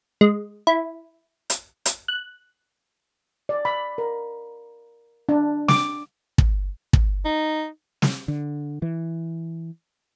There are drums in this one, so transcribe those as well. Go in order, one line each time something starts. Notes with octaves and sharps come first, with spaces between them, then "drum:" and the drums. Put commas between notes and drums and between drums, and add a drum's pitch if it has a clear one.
G#3
E4
drum: hi-hat
drum: hi-hat
F#6
D5
B5
A#4
D4
D6, drum: snare
drum: kick
drum: kick
D#4
drum: snare
D3
E3